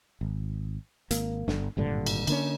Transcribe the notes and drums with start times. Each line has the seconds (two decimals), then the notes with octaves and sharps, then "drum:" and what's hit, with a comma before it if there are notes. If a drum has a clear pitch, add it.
0.21 G#1
1.11 G#1 A#3, drum: hi-hat
1.48 G1 D3, drum: snare
1.77 G#1 G2 A#2 D3
2.06 drum: cymbal
2.27 D3 A#3 C#4, drum: cymbal